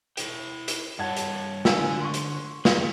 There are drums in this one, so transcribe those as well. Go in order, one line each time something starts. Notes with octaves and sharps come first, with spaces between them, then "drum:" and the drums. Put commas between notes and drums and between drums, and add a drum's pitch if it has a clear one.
E4 G5, drum: hi-hat
drum: hi-hat
G2 C#5 F#5 A5 G#6
drum: hi-hat
D3 G#5 E6, drum: snare
C6 C#6
drum: hi-hat
D#3 G#4, drum: snare